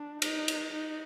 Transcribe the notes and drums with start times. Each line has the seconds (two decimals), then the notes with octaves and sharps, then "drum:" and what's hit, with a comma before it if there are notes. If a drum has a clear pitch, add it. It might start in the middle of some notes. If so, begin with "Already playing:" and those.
Already playing: D4
0.22 D#4, drum: cymbal
0.48 drum: cymbal
0.74 D#4